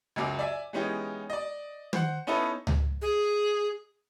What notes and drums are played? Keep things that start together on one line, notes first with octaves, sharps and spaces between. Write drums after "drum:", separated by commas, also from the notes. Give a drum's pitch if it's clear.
C#2 F#2 F#3 D6
D5 E5 G#5
E3 G#3 B3 C#4 D#4 G4
D5 D#5
C5 F#5, drum: tom
B3 C#4 D#4 E4 A4 B4
drum: tom C#2
G#4